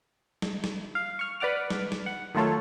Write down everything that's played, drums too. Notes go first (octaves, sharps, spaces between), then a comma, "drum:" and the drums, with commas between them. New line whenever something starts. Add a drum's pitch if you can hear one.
drum: snare
drum: snare
F5
C#6 F6
B4 D5 F#5 D6 F6
drum: snare
drum: snare
F#5
D#3 F#3 A3 F4 A4 C#5